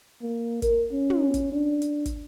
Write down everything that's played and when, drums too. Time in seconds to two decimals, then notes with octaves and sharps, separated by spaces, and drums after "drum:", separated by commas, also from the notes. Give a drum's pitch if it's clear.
0.22 A#3
0.62 A#4, drum: kick, hi-hat
0.92 C#4
1.10 drum: tom
1.34 drum: kick, hi-hat
1.52 D4
1.82 drum: hi-hat
2.06 drum: kick, hi-hat